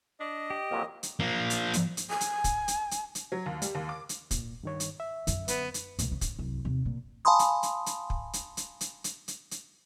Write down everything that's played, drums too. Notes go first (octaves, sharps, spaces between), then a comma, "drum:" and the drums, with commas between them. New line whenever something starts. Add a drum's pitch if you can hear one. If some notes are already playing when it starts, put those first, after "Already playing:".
D4 D#5
G4
F2 A#2 F#3 A#3
drum: hi-hat
F3 A#3
drum: hi-hat
drum: hi-hat
drum: hi-hat
G#5
drum: hi-hat
drum: kick, hi-hat
drum: hi-hat
drum: hi-hat
drum: hi-hat
F#3
D#2
G3, drum: hi-hat
D#2
D6
drum: hi-hat
A#2, drum: kick, hi-hat
G2 D#3 C#5
drum: hi-hat
E5
F#2 D3, drum: hi-hat
B3, drum: hi-hat
drum: hi-hat
C#2 A#2, drum: hi-hat
C#3
drum: kick, hi-hat
C2 F#2
D#2 C3
A#2
F5 G#5 A5 B5 C6 D#6
drum: hi-hat
drum: hi-hat
drum: hi-hat
drum: kick
drum: hi-hat
drum: hi-hat
drum: hi-hat
drum: hi-hat
drum: hi-hat
drum: hi-hat